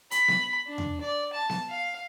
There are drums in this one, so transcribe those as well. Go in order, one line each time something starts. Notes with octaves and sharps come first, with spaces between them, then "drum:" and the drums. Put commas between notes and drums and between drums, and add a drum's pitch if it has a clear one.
B5, drum: hi-hat
drum: snare B3
D4
drum: tom E2
D5
A5
drum: snare B3
F5